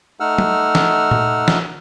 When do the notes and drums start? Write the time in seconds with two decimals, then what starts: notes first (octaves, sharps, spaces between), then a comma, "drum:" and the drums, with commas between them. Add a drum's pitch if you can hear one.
0.20 A3 D#4 F#5 E6 F6
0.38 drum: tom
0.75 drum: snare
1.11 drum: tom A#2
1.48 drum: snare